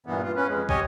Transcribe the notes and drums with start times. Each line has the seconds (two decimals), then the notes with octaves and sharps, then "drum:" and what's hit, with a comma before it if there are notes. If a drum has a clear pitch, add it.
0.06 G2 A#2 E3 B3
0.23 F4
0.36 C#4 B4
0.48 F2 G#3
0.69 G4 C#5 D#5 G#5, drum: kick